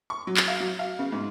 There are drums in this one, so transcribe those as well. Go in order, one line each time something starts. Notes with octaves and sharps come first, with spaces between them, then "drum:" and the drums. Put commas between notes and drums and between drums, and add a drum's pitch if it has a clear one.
C#6
F#3
drum: clap
F5
F#3
F5
C#3
G#2